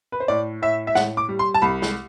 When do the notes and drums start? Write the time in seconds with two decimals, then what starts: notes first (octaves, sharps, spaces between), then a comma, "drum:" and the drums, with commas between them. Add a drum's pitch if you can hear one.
0.12 B4
0.20 C5
0.28 A2 D5
0.62 A2 E5
0.87 E5
0.95 A2 F#5, drum: snare
1.17 D6
1.29 G3
1.39 C6
1.54 A5
1.62 C2 B5
1.82 drum: snare